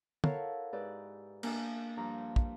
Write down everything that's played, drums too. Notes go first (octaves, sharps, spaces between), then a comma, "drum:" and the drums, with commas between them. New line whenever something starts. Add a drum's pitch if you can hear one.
E4 A4 A#4 C#5 F5 F#5, drum: tom
G#2 G4 B4 D5 E6
A#3 D4 G#5 D6, drum: cymbal
G2 F3 A#5 D6
drum: kick